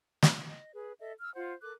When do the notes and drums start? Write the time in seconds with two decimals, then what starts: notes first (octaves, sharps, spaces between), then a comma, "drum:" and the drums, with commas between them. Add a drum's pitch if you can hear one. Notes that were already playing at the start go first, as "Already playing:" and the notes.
0.22 drum: snare
0.45 D#5
0.75 G#4 B4
1.00 A4 D#5 E5
1.21 E6 F6
1.35 F4 C5 F#5
1.63 A4 A#4 D6 F#6